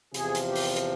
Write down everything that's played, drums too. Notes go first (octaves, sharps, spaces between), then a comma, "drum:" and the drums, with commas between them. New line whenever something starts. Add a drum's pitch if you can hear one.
E2 C3 F3 G#4, drum: hi-hat
drum: hi-hat
G4
drum: open hi-hat
drum: hi-hat